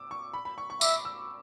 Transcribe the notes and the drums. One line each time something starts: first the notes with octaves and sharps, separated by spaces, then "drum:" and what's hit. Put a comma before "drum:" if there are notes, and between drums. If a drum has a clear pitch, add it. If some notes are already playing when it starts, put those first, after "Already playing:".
Already playing: D6 E6
C#6
B5
B5
C#6
C#6
E5 D6, drum: tambourine
E6